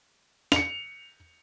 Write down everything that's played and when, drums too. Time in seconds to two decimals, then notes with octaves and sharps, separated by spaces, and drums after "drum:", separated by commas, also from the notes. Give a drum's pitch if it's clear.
0.52 C#7 F7, drum: snare